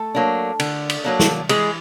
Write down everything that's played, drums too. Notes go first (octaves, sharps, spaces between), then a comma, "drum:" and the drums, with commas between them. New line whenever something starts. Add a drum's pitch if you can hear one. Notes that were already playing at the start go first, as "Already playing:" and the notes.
Already playing: A3 A4
F#3 A#3 D4
D3, drum: cymbal
drum: cymbal
F#3 A#3 D4
drum: snare
E3 G#3 G#4, drum: cymbal